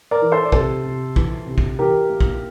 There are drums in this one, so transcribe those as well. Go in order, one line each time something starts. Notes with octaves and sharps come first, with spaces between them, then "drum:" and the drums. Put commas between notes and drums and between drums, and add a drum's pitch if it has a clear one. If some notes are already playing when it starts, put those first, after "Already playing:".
A#4 D5
E3
A4 C5
D5
C3 A4 C5, drum: kick
C3
E3, drum: kick
C3
drum: kick
E3 G4 A#4
A#3
drum: kick